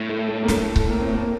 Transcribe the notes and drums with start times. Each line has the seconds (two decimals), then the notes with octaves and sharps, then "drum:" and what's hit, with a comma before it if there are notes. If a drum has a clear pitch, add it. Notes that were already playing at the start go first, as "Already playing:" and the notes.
Already playing: A2
0.09 A3
0.29 A3
0.43 A#3
0.48 A3, drum: snare
0.76 drum: kick C#1
0.90 A#3
1.02 C4
1.13 A#3